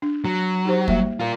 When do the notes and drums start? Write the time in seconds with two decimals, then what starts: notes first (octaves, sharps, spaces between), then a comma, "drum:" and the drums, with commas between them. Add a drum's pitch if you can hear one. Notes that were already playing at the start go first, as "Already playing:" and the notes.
0.02 D4
0.25 F#3
0.65 D#4 G4 C5
0.88 G3 A#3 E5, drum: kick
1.20 F4 A#4